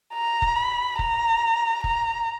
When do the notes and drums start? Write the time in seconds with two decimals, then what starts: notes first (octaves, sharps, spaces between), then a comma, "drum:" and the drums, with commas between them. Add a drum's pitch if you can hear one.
0.14 A#5
0.42 drum: kick F1
0.56 B5
0.99 A#5, drum: kick F1
1.84 A#5, drum: kick F1